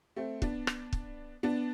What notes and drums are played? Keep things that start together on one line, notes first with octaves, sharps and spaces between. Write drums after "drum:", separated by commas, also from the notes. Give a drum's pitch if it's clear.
A3 C4
B3 D4, drum: kick
drum: rim click
drum: kick
B3 D4